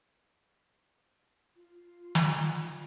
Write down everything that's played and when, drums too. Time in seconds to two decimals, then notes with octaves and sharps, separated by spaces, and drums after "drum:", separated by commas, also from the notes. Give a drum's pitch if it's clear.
1.56 F4
2.15 drum: snare